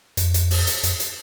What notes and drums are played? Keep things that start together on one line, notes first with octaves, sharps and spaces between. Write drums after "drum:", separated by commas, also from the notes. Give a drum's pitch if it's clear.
F2, drum: hi-hat
drum: hi-hat
drum: open hi-hat
drum: hi-hat
F2, drum: hi-hat
drum: hi-hat